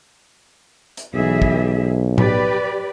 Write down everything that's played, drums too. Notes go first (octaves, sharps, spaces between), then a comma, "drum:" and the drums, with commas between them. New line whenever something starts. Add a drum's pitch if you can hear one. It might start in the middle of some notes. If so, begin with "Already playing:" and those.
drum: hi-hat
B1 E3 G#4 E5
drum: kick
G4 B4 D5, drum: tom A2